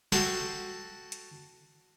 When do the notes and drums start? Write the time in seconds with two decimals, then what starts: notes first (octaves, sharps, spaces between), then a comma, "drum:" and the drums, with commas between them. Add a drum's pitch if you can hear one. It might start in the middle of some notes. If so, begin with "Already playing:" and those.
0.12 F#4 A4 G5 B5 C6, drum: snare
1.12 drum: hi-hat